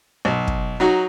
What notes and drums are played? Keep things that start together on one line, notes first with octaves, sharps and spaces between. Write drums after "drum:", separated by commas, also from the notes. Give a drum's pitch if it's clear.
B1
drum: kick
F#3 D#4 F#4